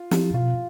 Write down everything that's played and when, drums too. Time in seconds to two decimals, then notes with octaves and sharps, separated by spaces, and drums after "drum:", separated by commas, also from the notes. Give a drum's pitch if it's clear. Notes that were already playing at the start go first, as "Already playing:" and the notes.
Already playing: F4
0.11 F3 C4 E4 G4, drum: snare
0.34 B2 F4